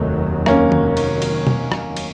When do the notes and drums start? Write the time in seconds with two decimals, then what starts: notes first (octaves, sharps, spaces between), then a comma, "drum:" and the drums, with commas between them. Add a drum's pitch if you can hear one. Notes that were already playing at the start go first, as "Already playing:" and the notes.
Already playing: F1 D#2 D#3 F#3 A3
0.46 A#3 C#4, drum: rim click
0.72 drum: tom D#3
0.97 drum: cymbal
1.22 drum: cymbal
1.47 drum: tom B2
1.72 drum: rim click
1.97 drum: cymbal